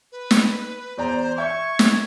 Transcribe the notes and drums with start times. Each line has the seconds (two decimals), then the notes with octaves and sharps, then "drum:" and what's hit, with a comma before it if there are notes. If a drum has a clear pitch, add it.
0.12 B4
0.31 drum: snare
0.98 E2 C5 D5 A#5
1.38 E5 C#6 G6 G#6
1.79 drum: snare